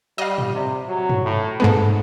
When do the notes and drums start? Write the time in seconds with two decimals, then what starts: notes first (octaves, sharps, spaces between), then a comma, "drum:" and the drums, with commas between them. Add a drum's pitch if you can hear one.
0.18 G3 D#5 F5
0.38 drum: tom G#2
0.55 C3
0.88 F#3
1.10 drum: tom G2
1.24 A2
1.60 G#2 G#3 B3 A4